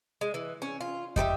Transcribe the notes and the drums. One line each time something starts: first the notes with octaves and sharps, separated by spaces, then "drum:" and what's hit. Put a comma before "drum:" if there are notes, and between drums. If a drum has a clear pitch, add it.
G#3
E3
C#4
F4
D#4 G4 B4 E5, drum: kick